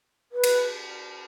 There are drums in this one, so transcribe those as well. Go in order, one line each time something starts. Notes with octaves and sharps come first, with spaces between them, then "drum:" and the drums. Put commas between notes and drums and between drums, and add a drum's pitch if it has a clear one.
B4
drum: cymbal